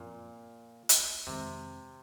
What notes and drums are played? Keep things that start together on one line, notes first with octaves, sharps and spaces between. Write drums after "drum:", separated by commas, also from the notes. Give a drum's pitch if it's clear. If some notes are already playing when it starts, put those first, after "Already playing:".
Already playing: F#2 A#2 F3 C4
drum: hi-hat
F2 C3 D#3 G#3 C4